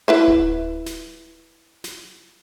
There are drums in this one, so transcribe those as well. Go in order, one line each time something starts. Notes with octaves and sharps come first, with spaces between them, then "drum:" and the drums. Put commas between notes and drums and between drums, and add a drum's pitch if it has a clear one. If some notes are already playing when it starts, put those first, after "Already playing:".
E4 B4 E5
drum: kick D1
drum: snare
drum: snare